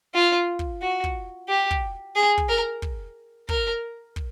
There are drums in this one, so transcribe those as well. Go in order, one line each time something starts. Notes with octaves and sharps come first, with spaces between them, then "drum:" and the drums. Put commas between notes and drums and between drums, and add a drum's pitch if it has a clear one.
F4
drum: kick
F#4
drum: kick
G4
drum: kick
G#4
drum: kick
A#4
drum: kick
A#4, drum: kick
drum: kick